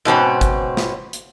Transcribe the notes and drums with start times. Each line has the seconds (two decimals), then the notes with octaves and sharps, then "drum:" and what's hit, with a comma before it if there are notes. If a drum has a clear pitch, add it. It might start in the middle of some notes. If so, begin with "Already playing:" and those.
0.05 G#2 B2 C4 C#4
0.41 drum: kick G1, hi-hat
0.77 drum: snare
1.13 drum: hi-hat